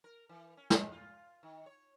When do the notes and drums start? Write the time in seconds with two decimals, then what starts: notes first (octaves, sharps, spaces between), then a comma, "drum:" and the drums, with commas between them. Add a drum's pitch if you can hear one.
0.04 A#4
0.29 E3
0.57 C#4
0.70 G#3, drum: snare
0.92 F4
1.43 D#3
1.66 C#5